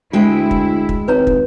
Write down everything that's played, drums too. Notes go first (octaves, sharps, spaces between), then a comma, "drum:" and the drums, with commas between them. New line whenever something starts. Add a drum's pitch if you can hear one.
D2 G#3 E4 G5
drum: kick
drum: kick
G#1 B4 C#5 A#5
drum: kick